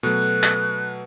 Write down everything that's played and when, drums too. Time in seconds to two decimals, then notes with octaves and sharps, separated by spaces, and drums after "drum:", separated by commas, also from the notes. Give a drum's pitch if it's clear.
0.03 B2 F#3 A3 B3 F#6
0.43 drum: clap